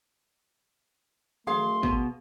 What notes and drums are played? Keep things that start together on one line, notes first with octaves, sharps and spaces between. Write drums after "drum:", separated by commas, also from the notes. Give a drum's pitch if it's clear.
F#2 A3 G#4 F5 C6, drum: tom D#3
B2, drum: kick